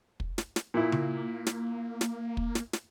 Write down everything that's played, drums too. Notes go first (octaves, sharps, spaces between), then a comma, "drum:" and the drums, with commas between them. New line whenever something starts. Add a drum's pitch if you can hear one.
drum: kick
drum: snare
drum: snare
A#2 A#3 E4
drum: tom C#3
drum: snare
drum: snare
drum: kick
drum: snare
drum: snare